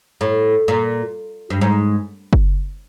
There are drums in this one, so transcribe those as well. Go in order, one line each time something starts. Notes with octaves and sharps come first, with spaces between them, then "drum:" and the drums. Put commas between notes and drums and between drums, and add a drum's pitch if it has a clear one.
A2
A#2
G2
G#2
drum: kick F#1